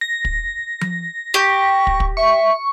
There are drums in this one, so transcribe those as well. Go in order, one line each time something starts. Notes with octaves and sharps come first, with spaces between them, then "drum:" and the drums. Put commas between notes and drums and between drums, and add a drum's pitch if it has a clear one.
A#6
drum: kick
drum: tom F3
G4 C#6
drum: kick
drum: kick
E5 C#6